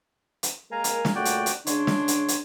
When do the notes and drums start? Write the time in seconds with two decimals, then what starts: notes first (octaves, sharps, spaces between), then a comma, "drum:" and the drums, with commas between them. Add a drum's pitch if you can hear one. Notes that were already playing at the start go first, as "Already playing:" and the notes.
0.43 drum: hi-hat
0.72 G#3 A#3 A#4 F5 G#5 A#5
0.84 drum: hi-hat
1.05 drum: snare
1.15 A#2 C#3 A3 F#4 D5 G5
1.25 drum: hi-hat
1.46 drum: hi-hat
1.67 C#3 G#3 D4 C#5 C6, drum: hi-hat
1.87 drum: snare
2.08 drum: hi-hat
2.28 drum: hi-hat